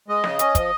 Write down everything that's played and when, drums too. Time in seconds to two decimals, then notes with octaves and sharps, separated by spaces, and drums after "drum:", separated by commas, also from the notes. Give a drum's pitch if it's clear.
0.08 G#3 D#5
0.24 C#3, drum: snare
0.39 C#4, drum: hi-hat
0.55 F3, drum: kick, hi-hat